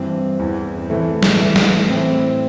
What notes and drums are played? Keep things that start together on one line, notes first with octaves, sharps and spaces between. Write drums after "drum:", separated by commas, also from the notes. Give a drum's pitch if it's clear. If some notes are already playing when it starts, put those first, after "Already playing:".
Already playing: G2 E3 C4
E2 E3
C4
A2 E3 A3
drum: snare
A2 E3
drum: snare
A2 E3 C4